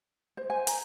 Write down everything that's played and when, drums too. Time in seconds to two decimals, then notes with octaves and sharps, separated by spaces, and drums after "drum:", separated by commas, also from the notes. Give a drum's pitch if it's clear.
0.37 C5
0.50 C5 G#5
0.67 A#5, drum: hi-hat